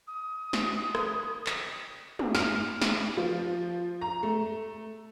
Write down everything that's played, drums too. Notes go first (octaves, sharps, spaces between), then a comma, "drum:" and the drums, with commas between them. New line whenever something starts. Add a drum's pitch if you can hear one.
D#6
drum: snare
drum: rim click
drum: clap
drum: tom
F6, drum: snare
drum: snare
F3
A#5
A3